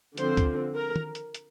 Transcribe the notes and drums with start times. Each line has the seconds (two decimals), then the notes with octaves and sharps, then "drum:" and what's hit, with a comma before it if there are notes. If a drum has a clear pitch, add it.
0.17 D3 F3 C4 C5, drum: hi-hat
0.37 drum: kick, hi-hat
0.76 A#4
0.96 drum: tom
1.15 drum: hi-hat
1.34 drum: hi-hat